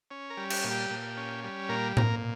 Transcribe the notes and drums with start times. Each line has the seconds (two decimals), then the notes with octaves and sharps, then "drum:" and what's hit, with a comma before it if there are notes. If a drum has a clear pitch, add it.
0.11 C#4
0.30 A#4
0.37 G3
0.50 G4, drum: cymbal
0.64 A#2
0.71 G4
0.90 A#2
1.17 C#4
1.44 G3
1.69 A#2 A#4
1.97 A#2 A#4, drum: tom A2